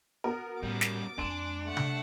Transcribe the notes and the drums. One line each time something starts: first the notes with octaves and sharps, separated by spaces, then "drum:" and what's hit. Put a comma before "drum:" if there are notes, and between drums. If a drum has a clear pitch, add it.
B3 F#4 A#4
A2 G3 C#4 D6
drum: snare
F2 G#3 D4 G#5 C6 D7
A3 F#5
drum: tom C3